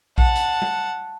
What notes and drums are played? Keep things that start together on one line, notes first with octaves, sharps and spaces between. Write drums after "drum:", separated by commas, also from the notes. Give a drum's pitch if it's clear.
F#5 A5, drum: kick A#1
drum: hi-hat
drum: tom G3